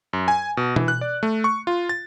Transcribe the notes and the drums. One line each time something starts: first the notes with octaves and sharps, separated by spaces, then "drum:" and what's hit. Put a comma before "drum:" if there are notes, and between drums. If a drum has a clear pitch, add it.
F#2
G#5
B2
E3, drum: tom B2
F#6
D5
A3
C#6
F4
A6